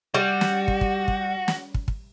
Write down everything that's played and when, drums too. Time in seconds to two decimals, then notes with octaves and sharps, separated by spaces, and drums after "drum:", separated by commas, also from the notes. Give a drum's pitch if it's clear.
0.14 G3 F#4
0.41 drum: snare
0.68 drum: kick
0.81 drum: kick
1.08 drum: kick
1.48 drum: snare
1.74 drum: kick
1.88 drum: kick